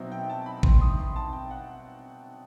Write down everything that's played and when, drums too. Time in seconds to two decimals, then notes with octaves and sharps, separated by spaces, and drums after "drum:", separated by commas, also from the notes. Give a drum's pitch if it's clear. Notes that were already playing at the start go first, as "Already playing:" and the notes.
Already playing: B2 F#3 C4 D#4 E5
0.12 G5
0.30 A5
0.46 B5
0.63 C6, drum: kick A1
0.81 D#6
0.99 C6
1.16 A5
1.33 G5
1.51 F#5